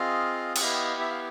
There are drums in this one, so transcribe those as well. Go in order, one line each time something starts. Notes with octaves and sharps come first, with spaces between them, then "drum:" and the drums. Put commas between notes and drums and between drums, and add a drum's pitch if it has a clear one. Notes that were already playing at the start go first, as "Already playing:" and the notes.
Already playing: C4 F4 G#4 D#5 F5
F#5, drum: cymbal
B3 E4 G4 D#5 F5
E5
F5